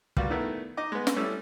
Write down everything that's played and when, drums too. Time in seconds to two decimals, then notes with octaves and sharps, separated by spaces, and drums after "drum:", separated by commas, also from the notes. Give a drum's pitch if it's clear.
0.17 G3 A#3 B3 F4 F#4, drum: kick
0.30 D#3 A3 B3 E4 A#4
0.77 D#4 D#5 D6
0.92 G#3 B3
1.07 drum: snare
1.16 G3 A3 C#4 E4 A4